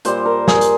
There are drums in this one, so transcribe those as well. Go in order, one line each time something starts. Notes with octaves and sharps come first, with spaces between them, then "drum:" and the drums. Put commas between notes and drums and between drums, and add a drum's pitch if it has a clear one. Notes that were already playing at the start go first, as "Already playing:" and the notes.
A#2 G3 C5, drum: hi-hat
A#4
G#4, drum: snare
drum: hi-hat